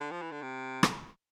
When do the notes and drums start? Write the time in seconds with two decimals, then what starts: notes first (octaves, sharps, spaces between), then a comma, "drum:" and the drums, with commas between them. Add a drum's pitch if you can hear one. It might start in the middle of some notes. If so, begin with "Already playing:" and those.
0.01 D3
0.11 F3
0.22 E3
0.32 D3
0.42 C3
0.83 drum: rim click